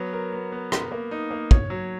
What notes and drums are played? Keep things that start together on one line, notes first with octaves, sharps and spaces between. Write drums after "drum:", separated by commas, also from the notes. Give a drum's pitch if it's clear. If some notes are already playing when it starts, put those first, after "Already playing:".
Already playing: F#3 B3
A#4
B3
B3
A#4, drum: rim click
A#3
D#4
A#3
C#5, drum: kick
F#3